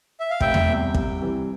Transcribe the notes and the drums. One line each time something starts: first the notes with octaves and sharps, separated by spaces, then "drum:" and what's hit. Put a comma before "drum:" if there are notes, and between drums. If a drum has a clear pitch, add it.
E5
F5
F1 E5 G5, drum: kick
drum: tom E2
E2 C3 G3
C2, drum: kick
C3 E3 G3